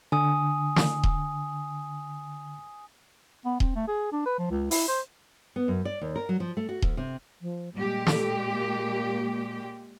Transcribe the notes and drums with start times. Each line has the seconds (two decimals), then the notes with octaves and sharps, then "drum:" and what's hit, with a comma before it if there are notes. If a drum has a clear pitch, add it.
0.12 D3 G#5 D#6
0.76 drum: snare
1.03 drum: kick D#1
3.46 B3
3.60 C4, drum: kick D#1
3.76 A3
3.88 G#4
4.12 D4
4.26 B4
4.39 F3
4.51 C#2
4.71 E4, drum: open hi-hat
4.88 C5
5.56 B3
5.68 F#2
5.85 D5
6.01 D#2
6.16 A#4
6.29 F#3
6.40 F3
6.57 A3
6.69 F#4
6.82 D2, drum: kick D#1
6.97 C3
7.42 F3
7.75 A#2 G3 G#3 G4
8.07 A4, drum: snare
8.49 A#3